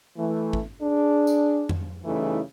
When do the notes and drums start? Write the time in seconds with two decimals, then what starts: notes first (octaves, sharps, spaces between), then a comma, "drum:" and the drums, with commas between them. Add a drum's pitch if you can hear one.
0.17 E3 A3
0.53 drum: kick
0.81 D4 G#4
1.27 drum: tambourine
1.69 drum: tom F2
2.05 C#3 E3 G3 A3 D#4 E4